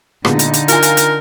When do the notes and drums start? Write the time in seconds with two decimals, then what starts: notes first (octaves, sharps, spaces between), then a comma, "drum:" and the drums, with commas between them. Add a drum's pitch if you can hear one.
0.25 A#2 D3 G#3 B3 D#4, drum: rim click
0.39 drum: hi-hat
0.54 drum: hi-hat
0.68 F4 A#4 G#5, drum: hi-hat
0.83 drum: hi-hat
0.97 drum: hi-hat